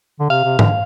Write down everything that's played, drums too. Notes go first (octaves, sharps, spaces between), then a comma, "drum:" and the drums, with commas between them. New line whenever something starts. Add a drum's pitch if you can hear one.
D3
C3 F5
C3
D3, drum: tom G#2